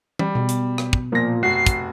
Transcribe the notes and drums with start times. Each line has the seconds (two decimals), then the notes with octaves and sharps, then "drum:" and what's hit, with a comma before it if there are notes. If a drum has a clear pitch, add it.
0.19 G3, drum: tom E3
0.35 B2
0.49 drum: hi-hat
0.78 drum: rim click
0.93 drum: kick
1.12 A#2 F3 A#6
1.43 F1 F#4 C7
1.66 drum: kick, hi-hat